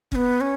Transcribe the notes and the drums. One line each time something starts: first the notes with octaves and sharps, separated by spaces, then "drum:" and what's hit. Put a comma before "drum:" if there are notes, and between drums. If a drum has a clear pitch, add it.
C#4, drum: kick F#1
B3
C#4